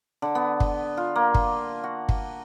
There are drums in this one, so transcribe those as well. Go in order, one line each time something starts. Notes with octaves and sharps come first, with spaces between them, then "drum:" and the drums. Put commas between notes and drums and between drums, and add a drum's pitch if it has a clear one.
D3
B3
drum: kick
F4
A#3
drum: kick
F#4
drum: kick